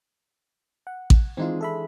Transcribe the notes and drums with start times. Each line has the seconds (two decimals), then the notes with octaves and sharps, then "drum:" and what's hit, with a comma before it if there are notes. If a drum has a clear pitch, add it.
0.87 F#5
1.10 drum: kick A1
1.37 E3 G#3 C4 D4 D#4 F4
1.61 A4 E5 B5